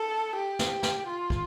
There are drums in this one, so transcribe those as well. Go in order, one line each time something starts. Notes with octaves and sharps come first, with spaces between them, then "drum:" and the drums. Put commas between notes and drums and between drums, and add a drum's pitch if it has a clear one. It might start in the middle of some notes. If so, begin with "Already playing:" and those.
Already playing: A4
G4
drum: snare
drum: snare
F4
drum: kick